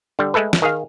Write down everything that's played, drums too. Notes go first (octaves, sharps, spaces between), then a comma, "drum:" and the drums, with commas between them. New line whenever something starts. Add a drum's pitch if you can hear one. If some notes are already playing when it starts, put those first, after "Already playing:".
D3 G3
G#3 A3 A4 B4
drum: snare
D#3 G#4 F5